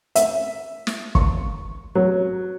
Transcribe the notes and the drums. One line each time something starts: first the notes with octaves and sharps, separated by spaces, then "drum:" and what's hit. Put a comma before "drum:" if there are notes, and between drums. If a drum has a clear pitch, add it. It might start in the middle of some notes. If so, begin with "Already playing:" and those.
E5, drum: hi-hat
drum: snare
C#6, drum: kick
F#3